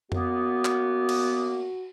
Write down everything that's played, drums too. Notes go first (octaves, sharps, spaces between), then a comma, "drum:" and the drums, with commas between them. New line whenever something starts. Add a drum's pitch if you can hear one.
F#2 A#3 B3 F#4, drum: tom F2
drum: clap
drum: cymbal